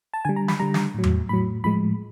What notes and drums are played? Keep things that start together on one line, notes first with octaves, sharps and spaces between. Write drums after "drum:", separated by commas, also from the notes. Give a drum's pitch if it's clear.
A5
D3 G3 G#5
A#5
B5, drum: snare
D3 G3 A#5
drum: snare
A2 F#3
drum: tom E2
A2 F#3 B5
A2 F3 G#3 B5